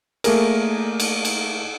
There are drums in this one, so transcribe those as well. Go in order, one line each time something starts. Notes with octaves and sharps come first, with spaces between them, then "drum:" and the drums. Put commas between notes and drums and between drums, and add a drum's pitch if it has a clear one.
A3 A#3 G#4 A#4, drum: cymbal
drum: cymbal
drum: cymbal